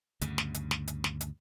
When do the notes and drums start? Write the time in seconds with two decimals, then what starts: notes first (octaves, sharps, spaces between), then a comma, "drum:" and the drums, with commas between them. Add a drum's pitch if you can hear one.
0.21 D2 G2 C#3, drum: hi-hat
0.38 drum: snare
0.54 drum: hi-hat
0.71 drum: snare
0.88 drum: hi-hat
1.04 drum: snare
1.21 drum: hi-hat